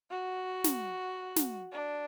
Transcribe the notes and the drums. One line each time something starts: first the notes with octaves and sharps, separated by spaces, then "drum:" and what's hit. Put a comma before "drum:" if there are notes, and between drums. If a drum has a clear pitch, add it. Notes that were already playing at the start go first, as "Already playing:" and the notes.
F#4
drum: snare
drum: snare
D4